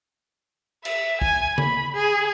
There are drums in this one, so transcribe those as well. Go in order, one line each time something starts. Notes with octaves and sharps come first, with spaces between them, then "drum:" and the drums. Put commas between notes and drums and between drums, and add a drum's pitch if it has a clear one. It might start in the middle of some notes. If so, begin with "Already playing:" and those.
E5, drum: cymbal
G#5, drum: kick
B5, drum: tom C#3
G#4